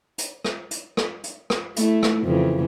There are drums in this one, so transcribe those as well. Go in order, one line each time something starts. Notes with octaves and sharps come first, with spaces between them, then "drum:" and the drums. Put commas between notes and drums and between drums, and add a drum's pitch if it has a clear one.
drum: hi-hat
drum: rim click
drum: hi-hat
drum: rim click
drum: hi-hat
drum: rim click
A3 E4, drum: hi-hat
drum: rim click
F2 C#3 E3